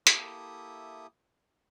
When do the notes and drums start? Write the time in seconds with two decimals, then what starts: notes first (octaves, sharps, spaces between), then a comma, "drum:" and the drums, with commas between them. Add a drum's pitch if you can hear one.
0.07 A#3 E4 G4 A4 E5 D#6, drum: hi-hat